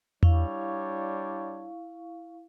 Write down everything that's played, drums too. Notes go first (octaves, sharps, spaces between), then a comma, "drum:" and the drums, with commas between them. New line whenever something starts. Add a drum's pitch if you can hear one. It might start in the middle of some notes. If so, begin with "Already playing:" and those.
G3 D4 E4 C#5 F5 C#6, drum: tom E2